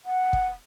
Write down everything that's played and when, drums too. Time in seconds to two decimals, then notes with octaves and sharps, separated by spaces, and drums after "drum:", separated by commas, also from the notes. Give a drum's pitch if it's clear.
0.05 F#5
0.33 drum: kick